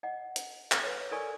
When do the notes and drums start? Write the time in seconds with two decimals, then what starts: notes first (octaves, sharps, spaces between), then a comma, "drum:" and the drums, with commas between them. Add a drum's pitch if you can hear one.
0.03 D#5 F#5
0.36 drum: hi-hat
0.72 drum: clap
0.83 B4 C#5
1.11 A4 A#4 D5 G#5 C#6